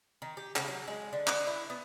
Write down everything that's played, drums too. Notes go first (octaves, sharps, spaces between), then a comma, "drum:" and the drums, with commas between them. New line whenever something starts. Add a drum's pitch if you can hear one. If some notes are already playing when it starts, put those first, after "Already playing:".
D#3
G4
C#3, drum: clap
F#3
G#3
D3
F#5, drum: clap
E4
B3